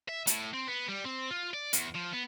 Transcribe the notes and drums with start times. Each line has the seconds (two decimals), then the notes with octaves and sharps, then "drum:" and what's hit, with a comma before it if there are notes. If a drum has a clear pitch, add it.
0.09 E5
0.27 A2, drum: hi-hat
0.54 C4
0.68 B3
0.89 G3
1.05 C4
1.31 F4
1.54 D5
1.73 E2, drum: hi-hat
1.95 F3
2.13 B3